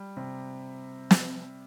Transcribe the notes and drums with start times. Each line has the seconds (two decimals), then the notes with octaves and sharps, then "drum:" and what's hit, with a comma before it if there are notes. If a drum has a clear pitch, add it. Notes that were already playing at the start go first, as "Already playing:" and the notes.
Already playing: G3
0.17 C3
1.11 drum: snare